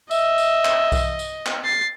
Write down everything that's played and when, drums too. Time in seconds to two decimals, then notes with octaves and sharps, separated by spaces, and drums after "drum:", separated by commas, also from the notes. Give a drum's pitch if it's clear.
0.11 D#5 E5, drum: tambourine
0.38 drum: tambourine
0.65 drum: clap
0.92 drum: kick B1, tambourine
1.19 drum: tambourine
1.46 drum: clap
1.65 A6 C7